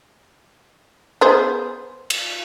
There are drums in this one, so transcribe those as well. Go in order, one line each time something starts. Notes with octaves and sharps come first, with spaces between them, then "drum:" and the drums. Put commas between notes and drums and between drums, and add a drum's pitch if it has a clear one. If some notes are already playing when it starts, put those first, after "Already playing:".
B3 G#4 C5
drum: cymbal